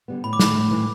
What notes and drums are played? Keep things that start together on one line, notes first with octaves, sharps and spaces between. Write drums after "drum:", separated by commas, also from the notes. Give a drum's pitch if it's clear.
D3 G3 B3
A2 B5
D6
E3 A3 B5, drum: snare
A2
E3 A3